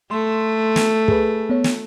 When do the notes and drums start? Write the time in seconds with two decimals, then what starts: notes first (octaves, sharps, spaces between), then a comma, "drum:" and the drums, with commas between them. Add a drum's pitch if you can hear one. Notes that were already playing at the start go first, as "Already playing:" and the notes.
0.11 A3 C6
0.76 drum: snare
1.08 G#4 B4, drum: kick
1.50 B3 C#5
1.64 drum: snare